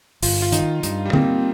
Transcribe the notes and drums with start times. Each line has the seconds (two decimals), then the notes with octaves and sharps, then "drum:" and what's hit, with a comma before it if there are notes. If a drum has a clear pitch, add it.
0.23 G1 F4, drum: open hi-hat
0.42 F4
0.52 D#3 D#4, drum: hi-hat
0.83 G2 D#4, drum: hi-hat
1.05 G3
1.13 A#3 C4, drum: tom